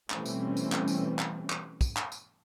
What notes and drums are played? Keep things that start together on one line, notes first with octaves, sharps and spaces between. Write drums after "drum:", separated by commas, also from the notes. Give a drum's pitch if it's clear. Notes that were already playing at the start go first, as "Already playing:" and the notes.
B2 E3 G3 A3 C4 C#4, drum: clap
drum: tambourine
drum: tambourine
drum: clap
drum: tambourine
drum: clap
drum: clap
drum: kick, tambourine
drum: clap
drum: tambourine